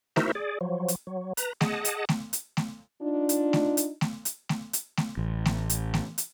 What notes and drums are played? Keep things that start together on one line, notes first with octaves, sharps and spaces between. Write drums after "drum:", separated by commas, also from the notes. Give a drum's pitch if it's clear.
D#4 E4 F#4 A#4 C5 E5, drum: snare A3
G#4 D5
F3 F#3
drum: hi-hat
F#3
B4 A#5, drum: hi-hat
G#4 D#5 F#5 A5, drum: snare A3
drum: hi-hat
drum: snare A3
drum: hi-hat
drum: snare A3
D4 D#4 F4
drum: hi-hat
drum: snare A3
drum: hi-hat
drum: snare A3
drum: hi-hat
drum: snare A3
drum: hi-hat
drum: snare A3
A1
drum: snare A3
drum: hi-hat
drum: snare A3
drum: hi-hat